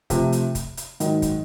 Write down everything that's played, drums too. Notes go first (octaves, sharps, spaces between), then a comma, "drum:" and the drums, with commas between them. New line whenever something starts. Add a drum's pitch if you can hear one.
C3 F3 A3, drum: kick, hi-hat
drum: hi-hat
drum: kick, hi-hat
drum: hi-hat
G#2 D#3 F#3, drum: hi-hat
drum: kick, hi-hat